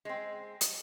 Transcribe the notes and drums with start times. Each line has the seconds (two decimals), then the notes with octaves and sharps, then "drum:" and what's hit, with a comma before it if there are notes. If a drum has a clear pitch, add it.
0.05 G#3 C4
0.61 drum: hi-hat